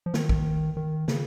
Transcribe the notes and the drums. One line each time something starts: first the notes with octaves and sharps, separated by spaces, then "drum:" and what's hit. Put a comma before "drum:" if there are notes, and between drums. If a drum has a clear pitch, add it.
F3
D#3, drum: snare
drum: kick
D#3
C#3, drum: snare